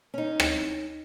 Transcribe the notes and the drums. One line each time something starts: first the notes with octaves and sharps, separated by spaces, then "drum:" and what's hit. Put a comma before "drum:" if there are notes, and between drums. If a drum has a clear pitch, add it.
C#4 D#4
drum: rim click